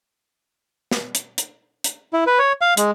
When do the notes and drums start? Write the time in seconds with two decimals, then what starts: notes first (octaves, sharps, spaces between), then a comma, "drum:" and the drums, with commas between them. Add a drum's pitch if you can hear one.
0.91 drum: snare
1.15 drum: hi-hat
1.38 drum: hi-hat
1.84 drum: hi-hat
2.13 E4
2.27 B4
2.39 C#5
2.62 F5
2.77 G#3, drum: hi-hat